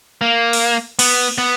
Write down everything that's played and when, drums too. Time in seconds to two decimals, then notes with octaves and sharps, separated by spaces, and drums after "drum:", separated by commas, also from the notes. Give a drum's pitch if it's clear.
0.21 A#3
0.53 drum: open hi-hat
0.99 B3, drum: cymbal
1.38 B3